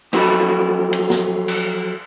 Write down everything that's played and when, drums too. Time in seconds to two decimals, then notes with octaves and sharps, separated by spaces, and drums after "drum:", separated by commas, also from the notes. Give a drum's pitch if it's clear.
0.13 F3 F#3 F#4 A4 B5, drum: cymbal
0.93 drum: cymbal
1.10 drum: snare
1.48 drum: cymbal